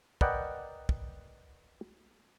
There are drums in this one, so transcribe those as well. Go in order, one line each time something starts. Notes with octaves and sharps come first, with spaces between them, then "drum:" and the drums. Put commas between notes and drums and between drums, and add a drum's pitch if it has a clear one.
A#4 B4 D5 D#5 F#5 G5, drum: kick
drum: kick